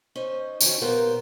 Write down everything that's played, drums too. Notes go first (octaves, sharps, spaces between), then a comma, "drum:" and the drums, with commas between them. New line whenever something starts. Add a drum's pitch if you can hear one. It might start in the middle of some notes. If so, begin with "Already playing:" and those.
C#4 D#4 C5 D#5
D#3 F3 F#3 C#4 D#4, drum: tambourine
A#2 G3 A#3 B3 A#4 C5